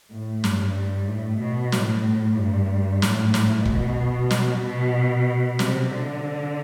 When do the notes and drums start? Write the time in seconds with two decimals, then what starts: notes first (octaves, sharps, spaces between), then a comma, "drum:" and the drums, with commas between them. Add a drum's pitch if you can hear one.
0.11 A2
0.44 G2, drum: snare
1.08 A2
1.40 B2
1.72 A2, drum: snare
2.37 G2
3.02 A2, drum: snare
3.34 drum: snare
3.65 B2, drum: kick
4.30 drum: snare
4.63 B2
5.59 C3, drum: snare
5.92 D3